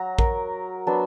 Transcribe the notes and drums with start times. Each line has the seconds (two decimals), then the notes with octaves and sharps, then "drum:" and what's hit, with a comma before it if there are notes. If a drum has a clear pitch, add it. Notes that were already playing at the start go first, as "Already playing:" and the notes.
Already playing: F#3 A#5
0.19 A#4, drum: kick A#1
0.87 F#3 B3 D4